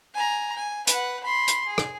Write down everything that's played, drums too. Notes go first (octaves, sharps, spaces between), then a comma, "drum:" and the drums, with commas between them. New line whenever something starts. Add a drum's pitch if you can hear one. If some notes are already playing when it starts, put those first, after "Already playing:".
G#5 A#5
G#5
B4 F#5, drum: hi-hat
B5 C6
drum: hi-hat
G#4
drum: rim click